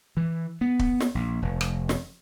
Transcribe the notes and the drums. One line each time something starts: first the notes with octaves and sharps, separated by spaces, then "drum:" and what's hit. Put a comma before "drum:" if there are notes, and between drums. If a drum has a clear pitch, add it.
E3
B3
drum: kick
drum: snare
A#1
F1
drum: rim click
drum: snare